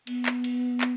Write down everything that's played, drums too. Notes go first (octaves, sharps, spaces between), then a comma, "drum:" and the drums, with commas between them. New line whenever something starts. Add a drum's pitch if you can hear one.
B3, drum: cymbal
drum: clap
drum: cymbal
drum: clap